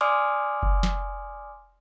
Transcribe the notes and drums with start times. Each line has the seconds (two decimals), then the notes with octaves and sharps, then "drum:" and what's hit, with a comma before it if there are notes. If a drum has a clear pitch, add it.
0.01 D5 G#5 C6 D6 D#6 F6
0.63 drum: kick F#1
0.83 drum: snare